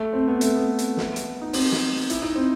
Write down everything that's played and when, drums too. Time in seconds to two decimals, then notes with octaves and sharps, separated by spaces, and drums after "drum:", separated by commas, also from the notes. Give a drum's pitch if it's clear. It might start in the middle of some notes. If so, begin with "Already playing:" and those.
Already playing: A3
0.13 C4
0.28 B3
0.41 A3, drum: hi-hat
0.55 B3
0.79 drum: hi-hat
0.97 drum: snare
1.16 drum: hi-hat
1.42 D#4
1.53 C4, drum: open hi-hat
1.72 drum: snare
2.10 E4, drum: hi-hat
2.22 D#4
2.35 C4